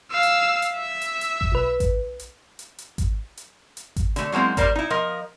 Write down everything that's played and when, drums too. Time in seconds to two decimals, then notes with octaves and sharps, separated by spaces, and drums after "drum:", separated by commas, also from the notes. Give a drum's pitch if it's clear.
0.12 F5 E6
0.23 drum: hi-hat
0.62 drum: hi-hat
0.74 E5
1.02 drum: hi-hat
1.21 drum: hi-hat
1.41 drum: kick G#1
1.52 B1 B4
1.80 drum: kick G#1, hi-hat
2.20 drum: hi-hat
2.59 drum: hi-hat
2.78 drum: hi-hat
2.98 drum: kick G#1, hi-hat
3.37 drum: hi-hat
3.77 drum: hi-hat
3.96 drum: kick G#1, hi-hat
4.16 D3 A3, drum: hi-hat
4.32 F#3 G#3 A#3 C4 E4
4.57 G3 A#3 A#4 C5 D5, drum: kick G#1, hi-hat
4.75 D#4 E4
4.90 F3 A#4 D#5